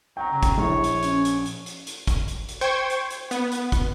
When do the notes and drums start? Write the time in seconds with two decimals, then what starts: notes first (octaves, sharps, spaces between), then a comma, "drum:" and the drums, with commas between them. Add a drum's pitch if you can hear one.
0.17 F#3 G5 A#5
0.31 C#3 F#3
0.43 drum: kick, hi-hat
0.58 A#1 E4 C#5
0.84 drum: hi-hat
1.03 C#4, drum: hi-hat
1.25 drum: hi-hat
1.46 drum: hi-hat
1.66 drum: hi-hat
1.87 drum: hi-hat
2.07 drum: kick, hi-hat
2.28 drum: hi-hat
2.49 drum: hi-hat
2.61 C5 G5 C#6 G#6
2.90 drum: hi-hat
3.10 drum: hi-hat
3.31 B3, drum: hi-hat
3.52 drum: hi-hat
3.72 drum: kick, hi-hat